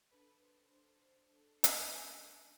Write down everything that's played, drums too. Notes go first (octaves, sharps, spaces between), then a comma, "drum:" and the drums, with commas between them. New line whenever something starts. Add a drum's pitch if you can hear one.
D4 A4 B4
C5
D4 A4 C5
D4 A4
drum: hi-hat
A3 D4 A4 D5